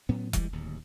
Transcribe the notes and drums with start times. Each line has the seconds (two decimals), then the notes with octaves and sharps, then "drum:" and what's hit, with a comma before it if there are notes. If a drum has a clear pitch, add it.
0.09 A2 F#3 B3 C#4
0.33 E3 G3 G#3, drum: kick E1, hi-hat
0.52 D1 D#2